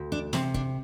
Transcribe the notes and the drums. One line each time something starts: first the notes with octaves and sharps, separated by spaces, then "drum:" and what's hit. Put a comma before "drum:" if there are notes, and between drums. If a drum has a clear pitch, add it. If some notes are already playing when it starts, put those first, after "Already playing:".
Already playing: D2
D4
C3 C4, drum: snare
D4, drum: kick